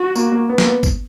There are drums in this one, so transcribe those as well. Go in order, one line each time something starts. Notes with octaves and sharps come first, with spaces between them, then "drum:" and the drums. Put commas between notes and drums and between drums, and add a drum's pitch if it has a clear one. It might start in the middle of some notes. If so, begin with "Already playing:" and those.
Already playing: F#4
A#3, drum: tambourine
A#3
B3
A#3, drum: snare
B3
drum: kick, tambourine